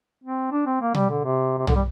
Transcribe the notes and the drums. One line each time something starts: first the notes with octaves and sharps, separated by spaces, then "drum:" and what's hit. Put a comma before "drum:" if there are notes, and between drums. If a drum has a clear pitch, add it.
C4
D4
C4
A#3
G3, drum: tom B2
D3
C3
C3
D3, drum: tom
G3